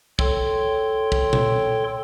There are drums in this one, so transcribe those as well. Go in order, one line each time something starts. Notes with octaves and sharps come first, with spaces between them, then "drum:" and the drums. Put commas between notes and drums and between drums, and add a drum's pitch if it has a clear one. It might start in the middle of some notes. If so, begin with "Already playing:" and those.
A4 C#5 G5 C6, drum: kick
drum: kick
drum: tom A#2